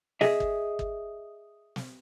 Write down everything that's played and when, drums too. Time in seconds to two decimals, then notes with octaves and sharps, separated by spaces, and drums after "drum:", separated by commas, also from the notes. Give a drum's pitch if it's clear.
0.21 G#4 D#5 E5, drum: snare
0.40 drum: kick
0.79 drum: kick
1.76 drum: snare